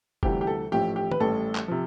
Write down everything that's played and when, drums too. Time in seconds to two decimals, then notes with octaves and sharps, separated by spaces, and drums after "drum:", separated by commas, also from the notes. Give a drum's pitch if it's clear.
0.23 D2 C3 E3 G3 G4, drum: kick F1
0.41 G4
0.47 A4
0.72 A1 A2 F3 A3 G4
0.96 G4
1.12 B4, drum: tom D#3
1.20 A1 A2 G3 A4
1.55 drum: clap
1.68 C3 F3